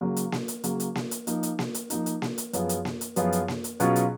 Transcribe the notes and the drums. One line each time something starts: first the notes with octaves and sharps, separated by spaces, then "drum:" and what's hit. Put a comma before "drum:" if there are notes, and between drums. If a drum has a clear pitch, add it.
C#3 F#3 A#3
drum: hi-hat
drum: snare A#3
drum: hi-hat
C#3 F#3 A#3, drum: hi-hat
drum: hi-hat
drum: snare A#3
drum: hi-hat
F3 A#3 D#4, drum: hi-hat
drum: hi-hat
drum: snare A#3
drum: hi-hat
F3 A#3 D#4, drum: hi-hat
drum: hi-hat
drum: snare A#3
drum: hi-hat
F#2 F3 B3 F4 G#4, drum: hi-hat
drum: hi-hat
drum: snare A#3
drum: hi-hat
F#2 F3 B3 F4 G#4, drum: hi-hat
drum: hi-hat
drum: snare A#3
drum: hi-hat
B2 F#3 C#4 F4 G#4, drum: hi-hat
drum: hi-hat